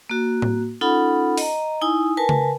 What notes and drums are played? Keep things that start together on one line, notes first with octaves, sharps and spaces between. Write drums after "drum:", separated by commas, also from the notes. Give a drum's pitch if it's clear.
A#3 F#4
drum: tom A2
C#4 D#4 F4 A4 F#5 B5
D#5 A#5, drum: open hi-hat
D#4 E4 G#5 D#6
A#4 B4 G#5 A5
drum: tom C#3